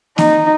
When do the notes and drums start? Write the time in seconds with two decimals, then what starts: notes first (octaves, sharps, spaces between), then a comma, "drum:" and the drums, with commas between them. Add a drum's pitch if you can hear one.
0.18 D#4, drum: snare A#3